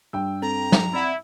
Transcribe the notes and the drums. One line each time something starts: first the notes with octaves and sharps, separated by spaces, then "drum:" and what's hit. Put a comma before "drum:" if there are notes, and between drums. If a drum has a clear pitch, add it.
G2 G5 E6
C4 A4 A#5
drum: snare
C4 E4 D5 F#5